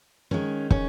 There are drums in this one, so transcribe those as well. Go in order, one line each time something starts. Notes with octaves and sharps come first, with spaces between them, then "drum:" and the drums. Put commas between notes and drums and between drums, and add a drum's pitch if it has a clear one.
D#3 G#3 C#4
C#4, drum: kick